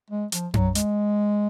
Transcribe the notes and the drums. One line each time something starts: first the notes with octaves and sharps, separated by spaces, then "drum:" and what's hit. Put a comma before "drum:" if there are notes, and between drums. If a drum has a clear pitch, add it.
G#3
F3, drum: hi-hat
F#3, drum: tom F#2
G#3, drum: hi-hat